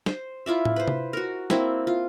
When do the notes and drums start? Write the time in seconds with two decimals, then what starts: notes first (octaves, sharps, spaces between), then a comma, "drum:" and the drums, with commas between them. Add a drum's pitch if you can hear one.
0.06 C5, drum: snare
0.46 E4 F4 D5 E5
0.65 drum: tom
0.76 B4 C5
0.88 drum: tom C3
1.13 F#4 A#4
1.50 A#3 C4 E4, drum: snare
1.87 F4